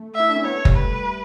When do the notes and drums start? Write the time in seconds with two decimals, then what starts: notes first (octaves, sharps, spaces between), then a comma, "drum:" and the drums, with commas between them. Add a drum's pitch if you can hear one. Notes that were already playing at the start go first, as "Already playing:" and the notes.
Already playing: A3
0.15 E4 E5
0.29 D4
0.36 C#4
0.45 B3 C#5
0.56 A3
0.65 G3, drum: kick F#1
0.75 B4